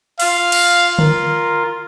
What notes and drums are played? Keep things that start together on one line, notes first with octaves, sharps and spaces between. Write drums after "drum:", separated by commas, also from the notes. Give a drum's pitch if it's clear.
F4 F5, drum: open hi-hat
drum: cymbal
A#4, drum: tom D3